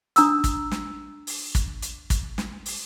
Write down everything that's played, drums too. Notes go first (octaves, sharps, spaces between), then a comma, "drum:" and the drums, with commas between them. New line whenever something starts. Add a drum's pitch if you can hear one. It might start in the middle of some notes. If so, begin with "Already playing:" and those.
D4 A#5 D#6 E6, drum: hi-hat
drum: kick, hi-hat
drum: snare
drum: open hi-hat
drum: kick, hi-hat
drum: hi-hat
drum: kick, hi-hat
drum: snare
drum: open hi-hat